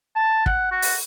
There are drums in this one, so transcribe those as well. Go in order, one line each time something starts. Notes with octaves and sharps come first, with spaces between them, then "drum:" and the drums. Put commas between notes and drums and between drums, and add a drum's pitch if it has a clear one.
A5
F#5, drum: kick
F#4
drum: open hi-hat